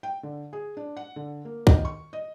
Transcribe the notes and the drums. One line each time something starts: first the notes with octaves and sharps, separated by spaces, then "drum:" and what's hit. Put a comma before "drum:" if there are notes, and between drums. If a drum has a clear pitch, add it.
G5
D3
G#4
D4
F#5
D3
A#3
D#3, drum: kick
C#6
D#5